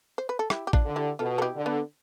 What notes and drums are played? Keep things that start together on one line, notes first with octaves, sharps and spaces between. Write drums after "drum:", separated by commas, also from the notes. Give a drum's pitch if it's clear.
C5
B4
A4
E4 G4, drum: rim click
G4
D4 F4, drum: kick A1
D3
E4 G4
B2 F4 A4
A4
E4 G4
D3
B3